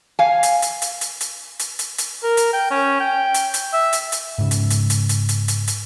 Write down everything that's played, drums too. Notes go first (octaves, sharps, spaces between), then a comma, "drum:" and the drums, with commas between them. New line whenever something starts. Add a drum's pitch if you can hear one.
F5 G#5
drum: hi-hat
drum: hi-hat
drum: hi-hat
drum: hi-hat
drum: hi-hat
drum: hi-hat
drum: hi-hat
drum: hi-hat
A#4
drum: hi-hat
G5
C#4
G5
drum: hi-hat
drum: hi-hat
E5
drum: hi-hat
drum: hi-hat
G#2 C#3
drum: hi-hat
drum: hi-hat
drum: hi-hat
drum: hi-hat
drum: hi-hat
drum: hi-hat
drum: hi-hat